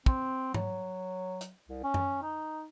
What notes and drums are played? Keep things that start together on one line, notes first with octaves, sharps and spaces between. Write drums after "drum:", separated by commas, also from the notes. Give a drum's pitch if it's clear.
C4, drum: kick
F#3, drum: tom G#2
drum: hi-hat
C2
C#4
drum: tom F#2
D#4